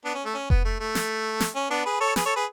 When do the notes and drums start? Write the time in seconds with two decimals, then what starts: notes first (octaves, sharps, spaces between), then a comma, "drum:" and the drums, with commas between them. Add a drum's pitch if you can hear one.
0.04 B3 D4
0.14 C#4
0.25 A3
0.34 C#4
0.50 B3, drum: kick F1
0.65 A3
0.80 A3
0.95 drum: snare
1.40 drum: snare
1.55 C#4
1.70 B3 D4
1.85 G#4 B4
2.00 A4 C#5
2.16 G#4 B4, drum: snare
2.26 A4 C#5
2.36 G#4 B4